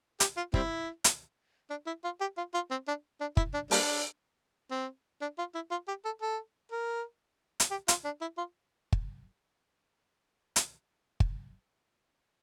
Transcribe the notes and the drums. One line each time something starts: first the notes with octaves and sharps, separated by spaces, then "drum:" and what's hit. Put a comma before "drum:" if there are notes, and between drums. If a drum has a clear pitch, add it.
G4, drum: hi-hat
F4
G3 C4 E4, drum: kick
drum: hi-hat
D4
E4
F4
G4
F4
F4
C4
D4
D4
E4, drum: kick
D4
G3 A#3 D4, drum: open hi-hat
C4
D4
F4
E4
F4
G4
A4
A4
A#4
drum: hi-hat
G4
F4, drum: hi-hat
D4
E4
F4
drum: kick
drum: hi-hat
drum: kick